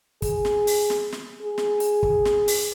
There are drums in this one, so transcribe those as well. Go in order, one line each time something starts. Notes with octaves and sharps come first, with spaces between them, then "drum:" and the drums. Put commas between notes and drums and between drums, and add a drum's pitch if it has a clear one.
G#4, drum: kick, hi-hat
drum: snare
drum: open hi-hat
drum: snare
drum: snare
G#4
drum: snare
drum: hi-hat
drum: kick
drum: snare
drum: open hi-hat